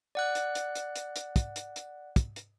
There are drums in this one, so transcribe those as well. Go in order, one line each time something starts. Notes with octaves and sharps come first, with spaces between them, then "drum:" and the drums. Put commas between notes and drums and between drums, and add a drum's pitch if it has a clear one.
D5 F#5 F#6
drum: hi-hat
drum: hi-hat
drum: hi-hat
drum: hi-hat
drum: hi-hat
drum: kick, hi-hat
drum: hi-hat
drum: hi-hat
drum: kick, hi-hat
drum: hi-hat